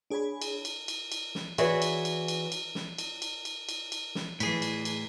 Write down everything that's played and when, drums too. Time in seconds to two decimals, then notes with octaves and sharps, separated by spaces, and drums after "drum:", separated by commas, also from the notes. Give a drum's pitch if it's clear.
0.10 D4 G#4 C#5 G#5 B5
0.42 drum: cymbal
0.65 drum: cymbal
0.88 drum: cymbal
1.12 drum: cymbal
1.35 drum: snare
1.58 E3 F#4 G#4 C#5 D5 E5, drum: cymbal
1.82 drum: cymbal
2.05 drum: cymbal
2.28 drum: cymbal
2.52 drum: cymbal
2.75 drum: snare
2.98 drum: cymbal
3.22 drum: cymbal
3.45 drum: cymbal
3.69 drum: cymbal
3.92 drum: cymbal
4.15 drum: snare
4.40 A2 E3 G#4 B6 C7, drum: cymbal
4.62 drum: cymbal
4.85 drum: cymbal